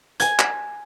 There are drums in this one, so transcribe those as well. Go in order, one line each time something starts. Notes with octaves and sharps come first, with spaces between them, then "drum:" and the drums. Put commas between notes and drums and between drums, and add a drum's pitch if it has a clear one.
G#5 G#6, drum: hi-hat
drum: clap